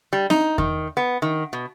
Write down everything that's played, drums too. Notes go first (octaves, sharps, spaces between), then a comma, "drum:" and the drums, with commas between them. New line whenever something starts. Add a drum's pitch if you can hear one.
G3
D#4, drum: snare C4
D#3, drum: kick E2
B3
D#3
B2